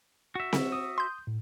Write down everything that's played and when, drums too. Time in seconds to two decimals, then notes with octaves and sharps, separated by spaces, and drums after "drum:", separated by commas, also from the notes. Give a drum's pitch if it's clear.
0.35 F#4 E5
0.53 drum: snare C4
0.72 D#6
0.98 C6 G6
1.27 A2